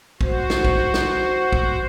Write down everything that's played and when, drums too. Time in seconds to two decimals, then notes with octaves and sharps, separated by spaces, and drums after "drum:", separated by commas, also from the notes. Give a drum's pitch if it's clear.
0.21 F#4 C5, drum: kick
0.50 drum: snare
0.65 drum: kick
0.94 drum: snare
1.53 drum: kick